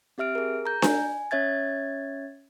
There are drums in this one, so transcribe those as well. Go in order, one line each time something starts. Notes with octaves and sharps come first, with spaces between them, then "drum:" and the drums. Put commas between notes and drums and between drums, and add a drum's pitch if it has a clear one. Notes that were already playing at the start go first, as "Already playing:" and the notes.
C4 G4 E5 F6 D7
G#4 A#4
A#5 G6
G#5, drum: snare D4
C#4 C#5 E5 G#6 A6